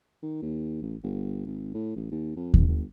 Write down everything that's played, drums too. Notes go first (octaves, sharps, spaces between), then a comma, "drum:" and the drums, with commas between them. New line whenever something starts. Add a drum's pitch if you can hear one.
D#3
D#2
A1
G1
G#1
A2
A1
D#2
F2
C2, drum: kick D#2
G1